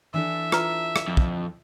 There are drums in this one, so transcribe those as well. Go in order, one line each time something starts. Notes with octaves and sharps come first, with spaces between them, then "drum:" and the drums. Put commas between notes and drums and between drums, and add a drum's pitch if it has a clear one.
E3 D4 A4 E5
F4 B4 A#5, drum: rim click
drum: rim click
F2
drum: kick